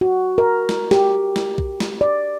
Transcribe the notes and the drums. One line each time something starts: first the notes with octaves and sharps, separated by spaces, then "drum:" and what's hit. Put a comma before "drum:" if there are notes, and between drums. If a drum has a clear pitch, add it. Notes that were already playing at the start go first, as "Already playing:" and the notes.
F#4
A#4
drum: snare
G4, drum: snare
drum: snare
drum: kick B1
drum: snare
D5